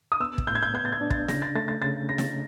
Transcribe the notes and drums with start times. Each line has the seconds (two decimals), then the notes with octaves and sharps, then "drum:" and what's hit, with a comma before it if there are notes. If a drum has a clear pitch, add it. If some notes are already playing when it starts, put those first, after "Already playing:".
0.12 D#6
0.20 B3 E6
0.38 drum: kick
0.47 A2 G6
0.55 G#6
0.63 G6
0.74 B3 G6
0.85 A6
0.92 G#6
1.01 D4
1.10 A6, drum: kick
1.28 C#3 A#6, drum: snare
1.42 A6
1.55 A3 A6
1.68 A6
1.82 C#3 A6
2.09 C#3 A#6
2.18 drum: snare